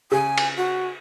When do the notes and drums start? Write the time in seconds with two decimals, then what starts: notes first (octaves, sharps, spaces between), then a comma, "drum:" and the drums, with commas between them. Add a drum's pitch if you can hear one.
0.12 C#3 G#5
0.38 drum: cymbal
0.57 F#4